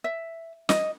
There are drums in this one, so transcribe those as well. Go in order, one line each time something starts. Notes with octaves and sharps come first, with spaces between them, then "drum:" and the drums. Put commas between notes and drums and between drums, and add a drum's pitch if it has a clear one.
E5
D#5, drum: snare